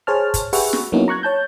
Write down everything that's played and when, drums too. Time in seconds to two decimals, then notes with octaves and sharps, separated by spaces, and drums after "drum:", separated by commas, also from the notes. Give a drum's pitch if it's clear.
0.07 G#4 C5 C#5 A5 F6
0.34 drum: kick, hi-hat
0.53 G4 G#4 B4 E5 F#5 C#6, drum: open hi-hat
0.73 drum: snare
0.92 F#3 A#3 B3 C#4 D#4 E4
1.08 A#5 C#6 F#6 G#6
1.23 C#5 A5 G6